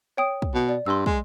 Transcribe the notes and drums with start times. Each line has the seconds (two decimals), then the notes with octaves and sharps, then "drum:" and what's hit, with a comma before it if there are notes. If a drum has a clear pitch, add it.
0.17 C#5 G5 D#6
0.42 drum: kick
0.54 B2
0.69 D5
0.86 G2 C6 E6
1.06 G#3, drum: kick